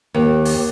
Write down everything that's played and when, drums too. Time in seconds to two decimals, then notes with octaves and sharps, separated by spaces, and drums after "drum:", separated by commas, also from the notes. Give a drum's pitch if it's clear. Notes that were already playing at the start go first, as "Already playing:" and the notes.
0.14 D#2
0.45 drum: open hi-hat